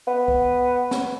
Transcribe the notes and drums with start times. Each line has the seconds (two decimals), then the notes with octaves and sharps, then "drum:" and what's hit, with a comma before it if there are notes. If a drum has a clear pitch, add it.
0.07 B3
0.28 drum: kick
0.91 drum: snare